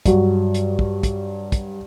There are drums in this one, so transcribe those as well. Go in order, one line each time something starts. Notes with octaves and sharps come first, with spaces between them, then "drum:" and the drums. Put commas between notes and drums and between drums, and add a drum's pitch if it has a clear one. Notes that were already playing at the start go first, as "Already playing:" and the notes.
G2 F#3, drum: kick, hi-hat
drum: hi-hat
drum: kick
drum: kick, hi-hat
drum: kick, hi-hat